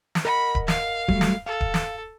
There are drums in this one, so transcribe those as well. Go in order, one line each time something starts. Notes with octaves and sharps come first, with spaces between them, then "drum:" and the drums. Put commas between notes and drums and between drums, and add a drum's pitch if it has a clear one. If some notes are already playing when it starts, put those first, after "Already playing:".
drum: snare
A#4 D#5 F#5 B5
drum: kick D1
F5, drum: snare
F#3 G3 A3, drum: kick D1
drum: snare
A4 F5
drum: kick D1
drum: snare